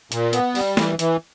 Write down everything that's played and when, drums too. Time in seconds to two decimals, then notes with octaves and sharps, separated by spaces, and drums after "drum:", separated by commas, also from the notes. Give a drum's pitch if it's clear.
0.12 A#2, drum: hi-hat
0.33 B3, drum: hi-hat
0.55 G3, drum: open hi-hat
0.77 E3, drum: snare
0.99 E3, drum: hi-hat